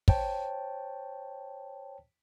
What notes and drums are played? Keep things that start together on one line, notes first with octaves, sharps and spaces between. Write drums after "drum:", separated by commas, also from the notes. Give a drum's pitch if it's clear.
C5 C#5 G5 A5, drum: kick